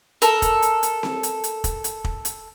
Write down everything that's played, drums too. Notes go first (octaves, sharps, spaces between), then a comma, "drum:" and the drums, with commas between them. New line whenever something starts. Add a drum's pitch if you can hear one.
A4 A#4, drum: hi-hat
drum: kick, hi-hat
drum: hi-hat
drum: hi-hat
drum: snare C4
drum: hi-hat
drum: hi-hat
drum: kick, hi-hat
drum: hi-hat
drum: kick
drum: hi-hat